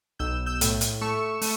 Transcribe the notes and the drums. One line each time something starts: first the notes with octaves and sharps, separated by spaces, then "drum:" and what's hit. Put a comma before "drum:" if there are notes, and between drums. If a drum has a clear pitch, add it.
B1 E6 G6
E6 G6
A2, drum: hi-hat
drum: hi-hat
A3 C#6 E6
A3, drum: open hi-hat